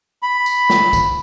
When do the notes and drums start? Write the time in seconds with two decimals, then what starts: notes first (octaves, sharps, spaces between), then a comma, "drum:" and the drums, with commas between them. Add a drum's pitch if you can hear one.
0.22 B5
0.46 drum: tambourine
0.70 drum: snare
0.93 drum: kick, tambourine